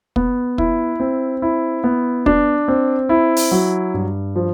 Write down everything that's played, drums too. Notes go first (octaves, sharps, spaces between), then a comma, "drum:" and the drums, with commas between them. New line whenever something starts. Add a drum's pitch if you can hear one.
B3, drum: kick
E4, drum: kick
C4
E4
B3
D4, drum: kick
C4
E4
drum: open hi-hat
F#3
G2
F3